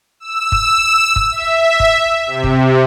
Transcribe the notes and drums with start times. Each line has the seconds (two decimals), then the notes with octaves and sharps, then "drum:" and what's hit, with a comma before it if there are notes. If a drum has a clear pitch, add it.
0.20 E6
0.52 drum: kick
1.16 drum: kick
1.31 E5
1.80 drum: kick
2.27 C3
2.44 drum: kick